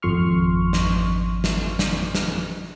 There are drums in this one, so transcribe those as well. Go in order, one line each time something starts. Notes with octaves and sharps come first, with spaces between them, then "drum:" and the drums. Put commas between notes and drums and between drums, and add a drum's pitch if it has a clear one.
G#1 F2 C6 C#6 F6
drum: snare
drum: snare
drum: snare
drum: snare